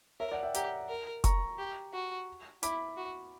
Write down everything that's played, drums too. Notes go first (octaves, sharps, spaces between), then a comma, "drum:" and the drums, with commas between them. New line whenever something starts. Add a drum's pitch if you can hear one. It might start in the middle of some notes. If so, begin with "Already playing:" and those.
A#4 C#5 E5
D5 F#5
E5 G5
G4 F#5 A#5, drum: hi-hat
A#4
A#5 C#6, drum: kick F1, hi-hat
G4
F#4
E4 B5 D6, drum: hi-hat
F#4